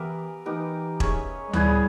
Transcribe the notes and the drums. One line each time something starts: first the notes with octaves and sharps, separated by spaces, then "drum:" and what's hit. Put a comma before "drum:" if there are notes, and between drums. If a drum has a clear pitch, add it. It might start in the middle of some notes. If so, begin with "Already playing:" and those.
Already playing: E3 B3 G4 A#4 E5
E3 B3 D#4 G4 A#4
C#4 G#4 C#5 E5, drum: kick E1
G#3
G3 B3 E4 G#4, drum: tom D2